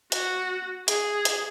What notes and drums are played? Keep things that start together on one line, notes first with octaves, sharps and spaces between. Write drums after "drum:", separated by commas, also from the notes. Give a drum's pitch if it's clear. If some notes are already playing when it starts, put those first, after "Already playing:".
F#4, drum: hi-hat
G#4, drum: hi-hat
drum: hi-hat